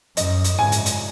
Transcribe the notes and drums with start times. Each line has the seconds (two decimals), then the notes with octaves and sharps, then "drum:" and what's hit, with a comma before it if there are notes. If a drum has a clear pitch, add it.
0.17 F#2 D#5, drum: hi-hat
0.44 drum: hi-hat
0.57 G#2 G#5
0.72 drum: hi-hat
0.86 drum: hi-hat